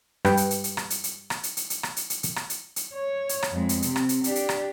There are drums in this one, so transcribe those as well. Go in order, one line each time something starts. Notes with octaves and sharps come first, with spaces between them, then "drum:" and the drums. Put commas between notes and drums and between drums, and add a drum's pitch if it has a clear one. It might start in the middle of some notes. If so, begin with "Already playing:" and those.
G2 B4 G5, drum: rim click
drum: hi-hat
drum: hi-hat
drum: hi-hat
drum: rim click
drum: hi-hat
drum: hi-hat
drum: rim click
drum: hi-hat
drum: hi-hat
drum: hi-hat
drum: rim click
drum: hi-hat
drum: hi-hat
drum: hi-hat
drum: rim click
drum: hi-hat
drum: hi-hat
C#5
drum: hi-hat
drum: rim click
F2 G#3
drum: hi-hat
C3 C4, drum: hi-hat
drum: rim click
drum: hi-hat
D4 G4, drum: hi-hat
drum: hi-hat
drum: rim click